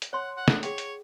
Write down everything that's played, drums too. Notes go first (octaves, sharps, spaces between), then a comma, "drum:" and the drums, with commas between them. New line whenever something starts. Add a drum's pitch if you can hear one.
drum: hi-hat
C#5 F#5 C6
F#5
drum: snare
G#4 C#5 F#5 G5, drum: hi-hat
drum: hi-hat